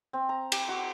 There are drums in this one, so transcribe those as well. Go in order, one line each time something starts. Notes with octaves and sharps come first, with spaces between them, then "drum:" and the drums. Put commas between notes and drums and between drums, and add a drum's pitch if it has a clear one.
C4
A#5
G4, drum: cymbal
F#4